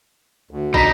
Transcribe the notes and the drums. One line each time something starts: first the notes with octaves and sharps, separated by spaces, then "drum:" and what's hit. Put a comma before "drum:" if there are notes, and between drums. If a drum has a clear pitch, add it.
D2
D4 D#4 A#5 B5 B6, drum: kick